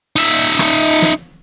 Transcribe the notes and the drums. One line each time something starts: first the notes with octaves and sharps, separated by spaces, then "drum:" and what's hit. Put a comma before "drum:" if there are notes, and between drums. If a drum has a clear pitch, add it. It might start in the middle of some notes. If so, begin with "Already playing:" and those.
D#4 E5
drum: rim click
drum: snare